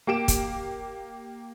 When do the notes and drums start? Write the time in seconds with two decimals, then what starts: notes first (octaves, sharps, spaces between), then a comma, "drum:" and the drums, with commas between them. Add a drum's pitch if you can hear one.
0.07 A#3 G4 D7 E7
0.28 drum: kick, hi-hat